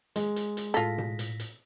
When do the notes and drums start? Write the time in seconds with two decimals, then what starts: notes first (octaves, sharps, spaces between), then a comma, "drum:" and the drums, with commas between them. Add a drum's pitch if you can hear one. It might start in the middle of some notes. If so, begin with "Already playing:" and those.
0.16 G#3, drum: hi-hat
0.36 drum: hi-hat
0.57 drum: hi-hat
0.74 A2 F4 A4 A#6 B6
0.98 drum: tom B2
1.19 drum: hi-hat
1.40 drum: hi-hat